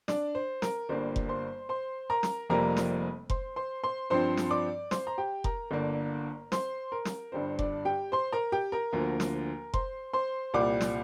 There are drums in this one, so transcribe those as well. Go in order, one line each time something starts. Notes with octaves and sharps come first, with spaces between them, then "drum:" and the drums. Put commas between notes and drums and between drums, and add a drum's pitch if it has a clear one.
D4 D5, drum: snare
C5
A#4, drum: snare
G1 G2 G3 A#3 C5
drum: kick F1
C5 C6
C5 C6
A#4 A#5
drum: snare
F1 F2 C3 G3 A#3 A#4 A#5
drum: snare
C5 C6, drum: kick F1
C5 C6
C5 C6
G2 F3 C4 C5 C6
drum: snare
D5 D6
C5 C6, drum: snare
A#5
G4 G5
A#4 A#5, drum: kick F1
G1 G2 D3 A#3 D4
C5 C6, drum: snare
A#4
drum: snare
G1 G2 G3 D4 C5
D4 D5, drum: kick F1
G4 G5
C5 C6
A#4 A#5
G4 G5
A#4 A#5
D2 D3 F3 A#3
drum: snare
C5 C6, drum: kick F1
C5 C6
C2 A#2 G3 D5 D6
drum: snare